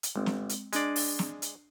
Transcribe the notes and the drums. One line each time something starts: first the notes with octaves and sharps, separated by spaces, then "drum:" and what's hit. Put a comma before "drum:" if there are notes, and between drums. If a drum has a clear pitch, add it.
drum: hi-hat
G1 G#3 C4
drum: snare
drum: hi-hat
G#3 D4 D5 C7 D#7, drum: hi-hat
drum: open hi-hat
drum: snare
drum: hi-hat